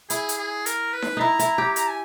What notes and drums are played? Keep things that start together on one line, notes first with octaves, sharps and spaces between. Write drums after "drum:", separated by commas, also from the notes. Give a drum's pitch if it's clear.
E4 G#4, drum: hi-hat
drum: hi-hat
G#4
A#4, drum: hi-hat
B4
drum: snare D#4
D#4 E4 A#5
E4, drum: hi-hat
G4
A#5, drum: hi-hat
G#5